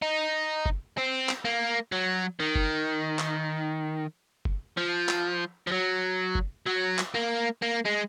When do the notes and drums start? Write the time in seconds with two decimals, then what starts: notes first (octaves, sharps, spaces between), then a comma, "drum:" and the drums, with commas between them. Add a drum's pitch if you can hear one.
0.02 D#4
0.66 drum: kick F#1
0.98 C4
1.29 drum: clap
1.45 A#3
1.92 F#3
2.40 D#3
2.55 drum: kick F#1
3.19 drum: clap
4.45 drum: kick F#1
4.77 F3
5.09 drum: clap
5.67 F3
5.71 F#3
6.35 drum: kick F#1
6.67 F#3
6.98 drum: clap
7.15 A#3
7.62 A#3
7.86 G#3